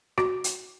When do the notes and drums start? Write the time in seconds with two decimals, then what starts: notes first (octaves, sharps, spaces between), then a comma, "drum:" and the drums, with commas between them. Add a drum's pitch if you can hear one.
0.18 F#4, drum: rim click
0.44 drum: hi-hat